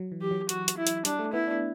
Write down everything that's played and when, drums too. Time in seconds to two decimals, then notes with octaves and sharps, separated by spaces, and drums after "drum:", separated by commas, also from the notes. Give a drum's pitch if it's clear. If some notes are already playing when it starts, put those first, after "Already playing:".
Already playing: F#3
0.12 E3
0.22 G4
0.31 F#3
0.49 F#4, drum: hi-hat
0.68 drum: hi-hat
0.77 E4
0.87 drum: hi-hat
1.05 G3 D4, drum: hi-hat
1.19 A3
1.33 B3 E4
1.47 D4